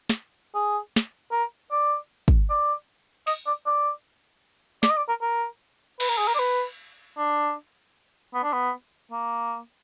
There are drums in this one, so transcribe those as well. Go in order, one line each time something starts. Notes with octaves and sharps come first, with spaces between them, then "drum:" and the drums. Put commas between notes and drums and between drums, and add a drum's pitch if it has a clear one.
drum: snare
G#4
drum: snare
A#4
D5
drum: kick
D5
D#5, drum: open hi-hat
D5
D5
D5, drum: snare
D#5
D5
A#4
A#4
B4, drum: cymbal
A#4
G#4
A#4
D5
B4
D4
B3
D4
B3
A#3